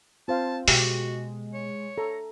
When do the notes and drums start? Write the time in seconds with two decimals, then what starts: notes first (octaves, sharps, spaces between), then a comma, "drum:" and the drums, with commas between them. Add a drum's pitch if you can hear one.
0.28 C4 F4 C5 F5 A5
0.68 B2 G#3 F#4 G4, drum: open hi-hat
1.54 C#5
1.98 A4 A#5